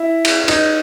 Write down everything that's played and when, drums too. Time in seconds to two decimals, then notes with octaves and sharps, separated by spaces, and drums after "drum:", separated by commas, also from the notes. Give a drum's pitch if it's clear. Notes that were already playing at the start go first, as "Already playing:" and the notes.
Already playing: E4
0.25 drum: cymbal
0.48 D#4, drum: cymbal